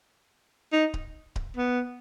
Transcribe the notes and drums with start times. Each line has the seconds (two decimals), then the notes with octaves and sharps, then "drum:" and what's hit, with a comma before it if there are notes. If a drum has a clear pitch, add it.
0.73 D#4
0.94 drum: kick D1
1.36 drum: kick D1
1.57 B3